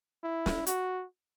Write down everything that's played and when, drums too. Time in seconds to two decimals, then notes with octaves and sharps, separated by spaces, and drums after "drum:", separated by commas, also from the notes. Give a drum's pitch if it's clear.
0.23 E4
0.46 drum: snare
0.67 F#4, drum: hi-hat